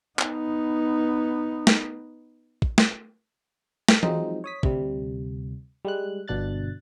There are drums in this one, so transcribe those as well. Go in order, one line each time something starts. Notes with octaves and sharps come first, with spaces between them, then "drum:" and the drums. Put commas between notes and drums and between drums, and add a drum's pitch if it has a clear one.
B3 D#4, drum: clap
drum: snare
drum: kick
drum: snare
drum: snare
F3 F#3 G#3 C4 D#4, drum: tom E3
C#5 D#6 B6
D2 C3 G3, drum: kick
G3 G#3 F#6
G1 B2 D4 F#6 A6